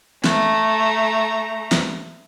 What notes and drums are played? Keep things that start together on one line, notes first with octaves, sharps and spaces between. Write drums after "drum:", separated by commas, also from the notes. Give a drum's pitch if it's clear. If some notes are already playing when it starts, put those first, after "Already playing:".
A3 A#5, drum: snare
drum: snare